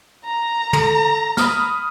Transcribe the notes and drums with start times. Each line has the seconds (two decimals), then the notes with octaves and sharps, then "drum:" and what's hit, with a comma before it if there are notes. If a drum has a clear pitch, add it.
0.25 A#5
0.73 A4, drum: tom
1.37 B5 D#6 F6, drum: snare